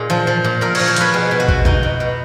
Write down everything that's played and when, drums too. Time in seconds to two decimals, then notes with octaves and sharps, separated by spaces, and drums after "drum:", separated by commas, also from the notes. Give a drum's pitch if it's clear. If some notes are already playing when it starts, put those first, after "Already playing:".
Already playing: A#2 D#4 G#4
0.10 F3
0.27 F3
0.44 A#2
0.61 A#2 A#4
0.75 F3 C#5, drum: cymbal
0.88 C#5
0.96 F3 B4, drum: hi-hat
1.14 B2 G#4
1.31 B2
1.40 F#4
1.48 B2, drum: kick A#1
1.65 B2 D#4, drum: tom
1.83 B2
2.00 B2